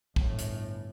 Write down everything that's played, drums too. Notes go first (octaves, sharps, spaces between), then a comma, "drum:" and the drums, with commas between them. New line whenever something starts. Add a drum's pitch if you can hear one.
G1 A2, drum: kick
drum: hi-hat